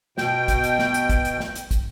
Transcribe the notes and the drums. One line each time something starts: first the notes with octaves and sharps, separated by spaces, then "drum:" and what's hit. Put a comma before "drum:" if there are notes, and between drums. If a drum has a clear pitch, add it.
B2 G5, drum: snare
drum: kick, hi-hat
drum: hi-hat
drum: snare
drum: hi-hat
drum: kick, hi-hat
drum: hi-hat
drum: snare
drum: hi-hat
drum: kick, hi-hat